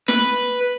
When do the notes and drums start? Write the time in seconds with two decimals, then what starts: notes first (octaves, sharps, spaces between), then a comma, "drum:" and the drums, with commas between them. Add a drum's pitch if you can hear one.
0.08 B4, drum: snare